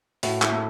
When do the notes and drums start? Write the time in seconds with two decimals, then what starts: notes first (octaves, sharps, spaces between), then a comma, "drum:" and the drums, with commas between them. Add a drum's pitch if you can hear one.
0.23 A2 F#4, drum: open hi-hat
0.42 E4, drum: clap
0.52 A3